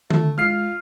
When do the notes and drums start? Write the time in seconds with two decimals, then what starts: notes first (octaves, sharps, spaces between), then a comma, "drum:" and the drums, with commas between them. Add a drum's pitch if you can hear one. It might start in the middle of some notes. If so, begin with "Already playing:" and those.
0.10 D3 A3, drum: tom D#3
0.38 G#3 F4 F6 C7